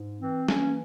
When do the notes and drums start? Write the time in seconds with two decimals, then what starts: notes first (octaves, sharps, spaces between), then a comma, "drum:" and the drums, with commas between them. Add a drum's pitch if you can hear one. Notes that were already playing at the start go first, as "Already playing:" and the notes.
Already playing: G#2
0.20 E3 C4
0.48 E3 A#3 C#4, drum: snare